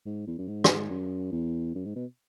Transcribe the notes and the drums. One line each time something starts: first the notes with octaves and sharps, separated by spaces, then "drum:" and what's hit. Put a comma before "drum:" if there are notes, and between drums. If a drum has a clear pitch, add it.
G#2
E2
F#2
G#2
drum: rim click
F#2
E2
F#2
G#2
B2